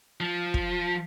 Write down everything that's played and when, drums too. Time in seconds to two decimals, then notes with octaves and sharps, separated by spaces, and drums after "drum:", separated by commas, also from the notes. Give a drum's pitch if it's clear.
0.20 F3
0.54 drum: kick